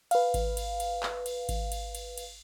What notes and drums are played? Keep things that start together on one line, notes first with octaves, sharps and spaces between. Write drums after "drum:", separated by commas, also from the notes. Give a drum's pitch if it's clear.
B4 F5, drum: cymbal
drum: kick G#1, cymbal
drum: cymbal
drum: cymbal
drum: clap
drum: cymbal
drum: kick G#1, cymbal
drum: cymbal
drum: cymbal
drum: cymbal